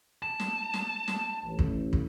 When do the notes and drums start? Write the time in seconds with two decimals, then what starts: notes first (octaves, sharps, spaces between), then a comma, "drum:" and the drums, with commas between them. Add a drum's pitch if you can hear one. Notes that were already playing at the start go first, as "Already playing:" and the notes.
0.22 A5
0.40 drum: snare
0.74 drum: snare
1.08 drum: snare
1.43 A1
1.59 drum: kick
1.93 drum: kick